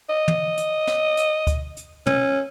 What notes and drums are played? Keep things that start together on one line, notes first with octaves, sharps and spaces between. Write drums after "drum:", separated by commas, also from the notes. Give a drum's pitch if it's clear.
D#5
drum: tom
drum: hi-hat
drum: snare
drum: hi-hat
drum: kick D2, hi-hat
drum: hi-hat
C#4, drum: tom